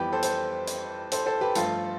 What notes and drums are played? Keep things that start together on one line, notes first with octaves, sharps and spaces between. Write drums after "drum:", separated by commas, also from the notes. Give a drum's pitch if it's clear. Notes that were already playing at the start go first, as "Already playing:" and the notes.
Already playing: F2 E3 G3 B3 G4 B4
A4 C5
A4 C5, drum: hi-hat
drum: hi-hat
A4 C5, drum: hi-hat
A4 C5
G4 B4
G2 F3 A3 F4 A4, drum: hi-hat